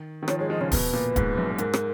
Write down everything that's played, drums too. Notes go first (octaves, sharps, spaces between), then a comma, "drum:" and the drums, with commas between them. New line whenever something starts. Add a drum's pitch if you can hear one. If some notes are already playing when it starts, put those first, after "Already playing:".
Already playing: D#3
D#3
F3 C#5, drum: rim click
G#3 C#5
F3 D#5
C#3 C#5
B2 B4, drum: kick D1, open hi-hat
A#2
G#2, drum: kick D1, hi-hat
F#2
G#2 A#4, drum: hi-hat
drum: rim click